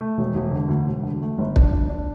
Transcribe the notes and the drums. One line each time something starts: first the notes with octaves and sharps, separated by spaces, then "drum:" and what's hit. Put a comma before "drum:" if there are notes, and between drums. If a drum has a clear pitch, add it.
A3
E1
E1
D3
D2
E1
D3
A3
G1
D4, drum: kick
D4
D4